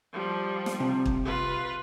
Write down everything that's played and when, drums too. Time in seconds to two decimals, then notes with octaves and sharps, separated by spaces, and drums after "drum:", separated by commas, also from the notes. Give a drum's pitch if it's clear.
0.13 F3 G3
0.66 drum: snare
0.80 C3
1.06 drum: kick
1.25 F4 B4